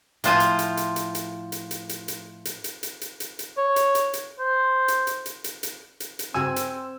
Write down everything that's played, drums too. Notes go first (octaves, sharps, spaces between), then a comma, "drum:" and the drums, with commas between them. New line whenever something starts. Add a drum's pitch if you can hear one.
A2 F3 F4 C5 G#5, drum: hi-hat
drum: hi-hat
drum: hi-hat
drum: hi-hat
drum: hi-hat
drum: hi-hat
drum: hi-hat
drum: hi-hat
drum: hi-hat
drum: hi-hat
drum: hi-hat
drum: hi-hat
drum: hi-hat
drum: hi-hat
drum: hi-hat
drum: hi-hat
C#5
drum: hi-hat
drum: hi-hat
drum: hi-hat
C5
drum: hi-hat
drum: hi-hat
drum: hi-hat
drum: hi-hat
drum: hi-hat
drum: hi-hat
drum: hi-hat
G2 C#3 C4 F#4 G#5 E6
drum: hi-hat